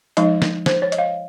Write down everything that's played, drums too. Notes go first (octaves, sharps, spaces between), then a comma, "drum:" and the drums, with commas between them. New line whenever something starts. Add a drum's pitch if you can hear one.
F3 G#3 D#4 D#5, drum: hi-hat
drum: snare
C5, drum: snare
C#5
D#5, drum: hi-hat
F5